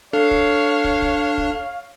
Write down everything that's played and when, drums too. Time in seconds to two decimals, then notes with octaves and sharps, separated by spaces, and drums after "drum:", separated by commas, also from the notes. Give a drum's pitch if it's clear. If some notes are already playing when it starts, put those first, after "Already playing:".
0.13 D4 A4 C#5 F5
0.31 drum: kick
0.84 drum: kick
1.02 drum: kick
1.38 drum: kick